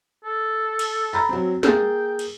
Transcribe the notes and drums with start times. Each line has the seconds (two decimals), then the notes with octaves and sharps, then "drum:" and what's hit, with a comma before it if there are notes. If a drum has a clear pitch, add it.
0.24 A4
0.79 drum: cymbal
1.13 A#5 B5 A6
1.29 F#3 C4
1.63 A#3 G#4 G5 A6, drum: snare
2.19 drum: cymbal